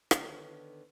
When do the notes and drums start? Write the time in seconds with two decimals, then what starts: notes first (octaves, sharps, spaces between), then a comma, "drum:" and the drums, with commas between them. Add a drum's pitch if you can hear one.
0.11 D3 D#3 B3 C#5, drum: rim click